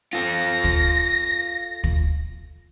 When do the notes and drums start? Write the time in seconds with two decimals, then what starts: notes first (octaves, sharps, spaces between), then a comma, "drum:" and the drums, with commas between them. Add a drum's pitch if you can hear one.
0.13 F4 A4 A#6
0.64 drum: kick
1.84 drum: kick